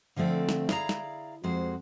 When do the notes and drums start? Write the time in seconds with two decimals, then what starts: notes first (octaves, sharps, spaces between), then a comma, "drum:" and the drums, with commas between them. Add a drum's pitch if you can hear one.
0.16 D3 F3 A3 C4 D5
0.49 drum: snare
0.69 E4 G#4 D5 F5 A5 A#5, drum: snare
0.89 drum: snare
1.44 F2 G#3 F#4 C5